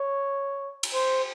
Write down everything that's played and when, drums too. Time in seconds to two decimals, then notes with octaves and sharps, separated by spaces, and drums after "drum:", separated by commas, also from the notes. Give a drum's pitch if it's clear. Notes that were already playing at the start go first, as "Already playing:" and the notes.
Already playing: C#5
0.83 drum: cymbal
0.94 C5